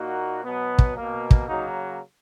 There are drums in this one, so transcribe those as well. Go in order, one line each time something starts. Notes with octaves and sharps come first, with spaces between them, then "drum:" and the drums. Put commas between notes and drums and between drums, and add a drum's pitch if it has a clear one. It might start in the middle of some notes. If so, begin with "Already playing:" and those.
Already playing: A#2 A#3 D#4 F#4
B2 F#3 B3
drum: kick
B2 A#3
drum: kick
C#3 F#3 A#3 D#4 F#4